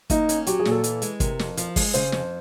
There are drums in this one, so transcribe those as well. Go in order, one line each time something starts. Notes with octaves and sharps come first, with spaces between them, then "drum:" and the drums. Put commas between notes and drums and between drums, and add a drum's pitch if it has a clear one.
A#3 D#4, drum: kick, hi-hat
C#4, drum: hi-hat
F#3 G4, drum: hi-hat
G#4
A#2, drum: snare
A4
E3, drum: hi-hat
G#3, drum: hi-hat
C3 A#4, drum: kick, hi-hat
F2, drum: snare
F3, drum: hi-hat
G#3, drum: kick, open hi-hat
C#3 C5, drum: hi-hat
F2, drum: snare